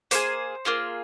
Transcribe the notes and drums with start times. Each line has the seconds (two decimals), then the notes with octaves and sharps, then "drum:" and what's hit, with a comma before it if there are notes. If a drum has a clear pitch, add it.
0.11 A#3 F4 G#4 C5, drum: hi-hat
0.65 A#3 F4 G#4